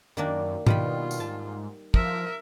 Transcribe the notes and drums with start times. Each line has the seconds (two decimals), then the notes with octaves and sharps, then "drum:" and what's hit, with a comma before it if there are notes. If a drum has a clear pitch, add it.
0.17 F#2 D#3 A#3 D4
0.67 B2 D#3 G3 F4 B5, drum: tom G#2
1.11 drum: tambourine
1.20 G#2 A5
1.94 F3 A#4 E5, drum: kick